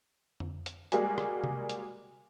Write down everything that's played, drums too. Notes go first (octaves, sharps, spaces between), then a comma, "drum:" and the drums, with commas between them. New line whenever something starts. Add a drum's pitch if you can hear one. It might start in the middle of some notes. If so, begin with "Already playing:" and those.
drum: tom F2
drum: hi-hat
G3 G#3 A#3 F#4 G#4, drum: hi-hat
drum: rim click
drum: tom C3
drum: hi-hat